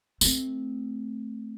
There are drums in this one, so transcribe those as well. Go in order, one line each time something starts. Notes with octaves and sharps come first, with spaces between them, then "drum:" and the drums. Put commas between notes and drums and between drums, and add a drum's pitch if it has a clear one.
A3 C4, drum: tambourine